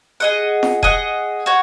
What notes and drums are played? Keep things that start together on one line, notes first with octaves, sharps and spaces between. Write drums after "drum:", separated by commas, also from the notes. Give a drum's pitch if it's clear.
G#4 D#5 F#5
drum: snare
G#4 D#5 F#5, drum: kick E1
F#4 C#5